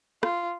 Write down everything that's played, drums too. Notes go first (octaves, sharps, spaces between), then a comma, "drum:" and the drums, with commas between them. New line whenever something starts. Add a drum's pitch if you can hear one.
F4, drum: rim click